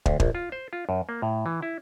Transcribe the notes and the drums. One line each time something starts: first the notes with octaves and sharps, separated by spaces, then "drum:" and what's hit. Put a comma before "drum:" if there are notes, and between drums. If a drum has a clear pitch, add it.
D2, drum: kick
A#1, drum: kick
F4
C5
F4
F#2
A#3
A2
E3
E4